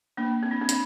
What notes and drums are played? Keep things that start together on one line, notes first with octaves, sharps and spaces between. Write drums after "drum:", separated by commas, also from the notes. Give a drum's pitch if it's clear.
A#3 D4
C4
D4
C4
D4, drum: hi-hat